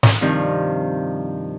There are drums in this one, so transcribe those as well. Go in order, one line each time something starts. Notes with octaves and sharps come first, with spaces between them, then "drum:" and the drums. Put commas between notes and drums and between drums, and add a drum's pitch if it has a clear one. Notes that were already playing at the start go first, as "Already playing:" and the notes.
drum: snare
G2 C3 D#3 F3